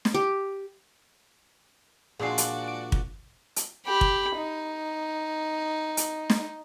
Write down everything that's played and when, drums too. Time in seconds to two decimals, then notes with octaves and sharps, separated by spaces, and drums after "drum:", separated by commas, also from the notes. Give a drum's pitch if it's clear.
0.05 drum: snare
0.14 G4
2.20 A#2 F3 G#3 D4 F#4 G#4 D5 C7
2.38 drum: hi-hat
2.68 D7
2.92 drum: kick
3.56 drum: hi-hat
3.86 G4 B5
4.01 drum: kick
4.36 D#4
5.97 drum: hi-hat
6.30 drum: snare